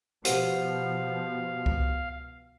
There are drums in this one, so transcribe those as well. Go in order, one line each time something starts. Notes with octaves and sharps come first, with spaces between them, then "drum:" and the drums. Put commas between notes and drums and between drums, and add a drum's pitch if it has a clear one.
B2 F3 B3 G4 C5 F5 F#5, drum: hi-hat
drum: kick C#2